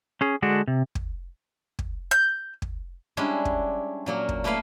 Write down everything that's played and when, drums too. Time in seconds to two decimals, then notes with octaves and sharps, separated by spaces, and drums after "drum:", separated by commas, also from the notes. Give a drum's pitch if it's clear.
0.21 C#4 G#4
0.42 D3 G#3 D4 F#4
0.67 C3
0.95 drum: kick
1.79 drum: kick
2.11 G6
2.62 drum: kick
3.17 G3 G#3 C#4 D4 E4
3.45 drum: kick
4.06 A#2 F#3 A#3
4.29 drum: kick
4.44 A3 A#3 E4 B4 F5